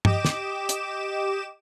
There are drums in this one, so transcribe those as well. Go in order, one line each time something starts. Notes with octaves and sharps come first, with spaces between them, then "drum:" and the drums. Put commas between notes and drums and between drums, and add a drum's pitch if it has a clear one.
G4 D#5 D6 E7, drum: tom
drum: snare
drum: hi-hat